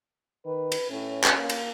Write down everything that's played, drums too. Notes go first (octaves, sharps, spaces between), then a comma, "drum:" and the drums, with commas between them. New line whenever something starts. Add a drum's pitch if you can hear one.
D#3 B4
drum: cymbal
A2 C#4
drum: clap
A#3
drum: cymbal